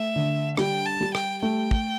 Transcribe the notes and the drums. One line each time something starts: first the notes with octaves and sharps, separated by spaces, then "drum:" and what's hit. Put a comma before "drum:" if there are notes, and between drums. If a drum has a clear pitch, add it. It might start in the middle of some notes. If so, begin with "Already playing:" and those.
Already playing: A3 E5
D3
G3 G5, drum: rim click
A5
G3
G5, drum: rim click
A3 G5
drum: kick